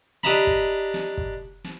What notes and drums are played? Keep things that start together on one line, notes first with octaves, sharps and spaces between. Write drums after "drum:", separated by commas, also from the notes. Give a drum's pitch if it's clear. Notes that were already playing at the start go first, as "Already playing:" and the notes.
D4 G4 D#5 E5 A#5 B5, drum: snare
drum: kick
drum: snare
drum: kick
drum: snare